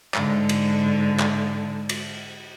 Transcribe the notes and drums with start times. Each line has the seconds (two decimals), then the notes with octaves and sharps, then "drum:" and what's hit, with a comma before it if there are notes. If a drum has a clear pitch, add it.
0.14 G#2 D3, drum: clap
0.49 drum: cymbal
1.19 drum: clap
1.89 drum: cymbal